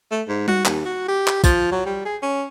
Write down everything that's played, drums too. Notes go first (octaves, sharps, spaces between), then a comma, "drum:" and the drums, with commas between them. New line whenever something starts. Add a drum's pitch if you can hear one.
A3
G#2
F#4, drum: tom G3
D#2, drum: clap
F#4
G4
drum: clap
F3, drum: kick, tambourine
F#3
G3
G#4
C#4